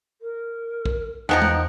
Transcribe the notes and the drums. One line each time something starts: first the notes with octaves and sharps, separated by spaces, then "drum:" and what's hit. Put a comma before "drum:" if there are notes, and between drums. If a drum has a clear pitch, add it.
A#4
drum: kick
E2 D#3 F3 D#4 A#4 F#5
drum: tom G#3